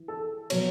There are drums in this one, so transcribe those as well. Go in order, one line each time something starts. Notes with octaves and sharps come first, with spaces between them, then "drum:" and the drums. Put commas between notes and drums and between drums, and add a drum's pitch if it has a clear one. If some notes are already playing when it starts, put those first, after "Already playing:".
Already playing: E3
A4
B2 F#3 C#5, drum: cymbal